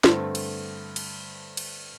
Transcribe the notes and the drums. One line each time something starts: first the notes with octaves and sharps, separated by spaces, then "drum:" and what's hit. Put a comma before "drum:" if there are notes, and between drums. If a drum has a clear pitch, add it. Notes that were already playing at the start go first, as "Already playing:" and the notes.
G2 D3 A3 C4, drum: snare
drum: cymbal
drum: cymbal
drum: cymbal